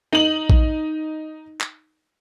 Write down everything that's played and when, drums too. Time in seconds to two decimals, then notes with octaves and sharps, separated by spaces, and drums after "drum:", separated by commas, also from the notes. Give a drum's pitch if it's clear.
0.12 D#4 F#7
0.50 drum: kick A#1
1.61 drum: clap